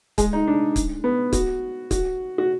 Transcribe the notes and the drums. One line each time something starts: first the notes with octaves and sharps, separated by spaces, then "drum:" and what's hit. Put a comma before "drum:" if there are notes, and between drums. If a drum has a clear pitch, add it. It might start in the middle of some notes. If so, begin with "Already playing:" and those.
G#3, drum: kick, hi-hat
D#4
D4
drum: kick, hi-hat
B3
F#4, drum: kick, hi-hat
F#4, drum: kick, hi-hat
F#4